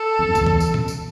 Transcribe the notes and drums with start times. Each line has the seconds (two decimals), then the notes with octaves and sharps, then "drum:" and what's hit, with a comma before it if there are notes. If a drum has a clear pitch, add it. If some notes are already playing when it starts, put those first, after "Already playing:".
Already playing: A4
0.19 E2
0.27 F#2
0.35 E2, drum: kick, tambourine
0.47 drum: kick
0.60 drum: tambourine
0.74 drum: tom A#2
0.88 drum: tambourine